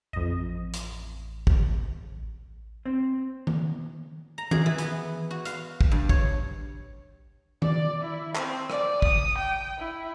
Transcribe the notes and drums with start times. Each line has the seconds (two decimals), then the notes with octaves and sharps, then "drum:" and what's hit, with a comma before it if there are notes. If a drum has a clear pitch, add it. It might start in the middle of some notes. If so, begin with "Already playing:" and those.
0.13 A1 F2 D#5
0.74 drum: hi-hat
1.47 drum: kick
2.86 C4
3.47 drum: tom D#3
4.38 A#5
4.51 G#4, drum: tom D#3
4.66 E3
4.78 B3, drum: hi-hat
5.31 F#4
5.45 F5, drum: hi-hat
5.81 drum: kick
5.91 G2
6.09 C#5, drum: kick
7.62 D5, drum: tom D#3
8.02 E4
8.35 C4, drum: clap
8.70 D5, drum: rim click
9.02 D#6, drum: kick
9.38 G5
9.78 E4